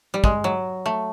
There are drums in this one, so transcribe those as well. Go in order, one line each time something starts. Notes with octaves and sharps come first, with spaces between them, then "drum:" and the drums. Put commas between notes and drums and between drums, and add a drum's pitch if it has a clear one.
G3
G#3, drum: kick
F#3
A3